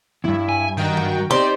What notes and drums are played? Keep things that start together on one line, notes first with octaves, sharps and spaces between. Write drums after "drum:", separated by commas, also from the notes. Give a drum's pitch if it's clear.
E2 G2 E4
G#5
D#3 F#4 A#4 G5
drum: tom D#3
C4 D#4 G4 C5 D5